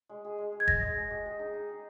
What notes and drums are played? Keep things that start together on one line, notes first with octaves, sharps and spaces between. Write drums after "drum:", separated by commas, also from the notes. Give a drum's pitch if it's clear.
G#3
G#4
G#3
G#4
G#6
G#3 A#6, drum: kick E1
G#3
G#3
G4
G#4
D#4
D#4
G#4